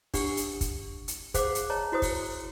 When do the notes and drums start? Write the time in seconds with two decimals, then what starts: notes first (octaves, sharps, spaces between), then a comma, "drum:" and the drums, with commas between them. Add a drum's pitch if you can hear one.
0.14 D4 G4 F#5, drum: kick, open hi-hat
0.37 drum: hi-hat
0.61 drum: kick, hi-hat
1.08 drum: hi-hat
1.34 G#4 C5 F5 F#5 D6, drum: kick, hi-hat
1.55 drum: hi-hat
1.70 C#5 D#5 A5 A#5
1.92 E4 F#4 C5 D#6
2.02 drum: kick, open hi-hat